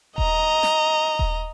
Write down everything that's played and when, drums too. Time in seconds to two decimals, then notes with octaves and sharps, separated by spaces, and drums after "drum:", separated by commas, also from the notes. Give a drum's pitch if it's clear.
0.18 D#5 A#5, drum: kick D#1
0.63 drum: snare
1.19 drum: kick D#1